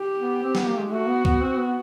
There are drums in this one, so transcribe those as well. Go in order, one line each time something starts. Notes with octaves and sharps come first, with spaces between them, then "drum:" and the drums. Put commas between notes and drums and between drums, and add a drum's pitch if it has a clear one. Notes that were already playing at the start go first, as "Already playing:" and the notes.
Already playing: G4
B3
C4
B3, drum: snare
A#3
G#3
A3 F#4
B3
B3, drum: kick
C4
B3